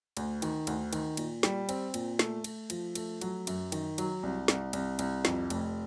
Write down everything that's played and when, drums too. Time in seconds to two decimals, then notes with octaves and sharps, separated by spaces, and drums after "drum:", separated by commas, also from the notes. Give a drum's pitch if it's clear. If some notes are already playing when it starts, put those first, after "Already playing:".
0.17 D2, drum: cymbal
0.42 D#3, drum: cymbal
0.67 D2, drum: cymbal
0.93 D#3, drum: cymbal
1.17 A#2, drum: cymbal
1.43 G3, drum: snare
1.69 C4, drum: cymbal
1.94 A#2, drum: cymbal
2.19 A3, drum: snare
2.44 A3, drum: cymbal
2.70 F3, drum: cymbal
2.95 A3, drum: cymbal
3.21 F#3, drum: cymbal
3.47 F#2, drum: cymbal
3.72 D#3, drum: cymbal
3.98 F#3, drum: cymbal
4.23 C2
4.48 C2, drum: snare
4.73 C2, drum: cymbal
4.99 C2, drum: cymbal
5.25 F2, drum: snare
5.50 F1, drum: cymbal